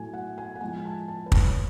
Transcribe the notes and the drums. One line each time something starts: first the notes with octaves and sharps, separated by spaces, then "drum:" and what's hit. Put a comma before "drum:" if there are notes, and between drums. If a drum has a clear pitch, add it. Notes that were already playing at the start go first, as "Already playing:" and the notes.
Already playing: A2 F#3 A3 G#5
F#5
G#5
F#5
A2 F3 G#3 G#5
A5
A5
B4
C#5, drum: kick
C#5